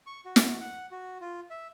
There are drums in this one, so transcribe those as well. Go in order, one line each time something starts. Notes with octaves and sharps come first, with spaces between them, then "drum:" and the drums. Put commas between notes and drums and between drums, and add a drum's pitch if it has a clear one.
C#6
F#4
drum: snare
F#5
F#4
F4
E5